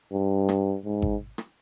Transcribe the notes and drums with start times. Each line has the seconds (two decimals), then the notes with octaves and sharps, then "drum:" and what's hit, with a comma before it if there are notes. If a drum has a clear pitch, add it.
0.12 G2
0.49 drum: rim click
0.85 G#2
1.02 drum: kick G#1
1.38 drum: rim click